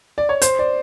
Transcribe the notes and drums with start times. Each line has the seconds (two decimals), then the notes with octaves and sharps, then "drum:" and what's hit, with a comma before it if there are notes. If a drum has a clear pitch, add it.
0.18 D5
0.29 C#5
0.42 C5, drum: hi-hat
0.59 D5